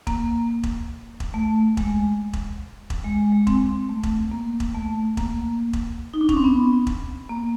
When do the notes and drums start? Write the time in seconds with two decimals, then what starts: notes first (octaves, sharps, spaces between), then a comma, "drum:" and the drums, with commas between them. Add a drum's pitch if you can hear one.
0.07 A#3, drum: kick E1
0.63 drum: kick E1
1.20 drum: kick E1
1.34 A3
1.77 G#3, drum: kick E1
2.33 drum: kick E1
2.90 drum: kick E1
3.04 G#3
3.19 G#3
3.32 G#3
3.47 C4, drum: kick E1
3.89 A3
4.03 drum: kick E1
4.31 A#3
4.60 drum: kick E1
4.74 A3
5.17 A#3, drum: kick E1
5.73 drum: kick E1
6.14 D#4
6.21 D4
6.29 C#4, drum: kick E1
6.37 C4
6.44 B3
6.87 drum: kick E1
7.29 A#3